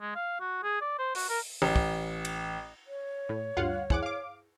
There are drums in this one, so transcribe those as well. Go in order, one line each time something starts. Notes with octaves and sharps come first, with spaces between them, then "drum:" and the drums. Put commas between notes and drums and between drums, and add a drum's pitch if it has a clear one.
G#3
F5
F#4
G#4
D5
C5
F#4, drum: open hi-hat
A#4
A1
drum: kick
drum: cymbal
C#5
A2
D2 G2 F4 F5 F#5
E2 E4 G#4 C5 F#5 D6, drum: kick
F5 D6